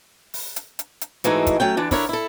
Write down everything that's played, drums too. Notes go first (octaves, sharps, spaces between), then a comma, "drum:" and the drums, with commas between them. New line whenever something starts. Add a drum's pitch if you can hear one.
drum: open hi-hat
drum: hi-hat
drum: hi-hat
drum: hi-hat
G#2 E3 G#3 A3 D#4 F#4, drum: hi-hat
drum: kick, hi-hat
F#3 A3 C#4 G5
D3 E3 D4 A5
D3 D4 E4 A#4 C#5, drum: kick, open hi-hat
E4 A4